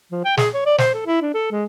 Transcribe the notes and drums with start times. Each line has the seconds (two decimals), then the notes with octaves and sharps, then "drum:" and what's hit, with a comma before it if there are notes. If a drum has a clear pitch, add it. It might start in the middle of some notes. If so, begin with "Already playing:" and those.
0.12 F3
0.25 G5
0.37 G#4, drum: snare
0.54 C#5
0.66 D5
0.78 C5, drum: snare
0.94 A4
1.06 E4
1.22 D4
1.34 A4
1.51 G#3